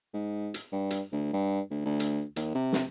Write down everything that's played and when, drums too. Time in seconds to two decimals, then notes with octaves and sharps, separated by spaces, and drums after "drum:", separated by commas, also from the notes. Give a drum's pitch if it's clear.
0.13 G#2
0.54 drum: hi-hat
0.73 G2
0.91 drum: hi-hat
1.12 D2
1.33 G2
1.71 D2
1.85 D2
2.00 drum: hi-hat
2.36 D#2, drum: hi-hat
2.55 C3
2.73 drum: snare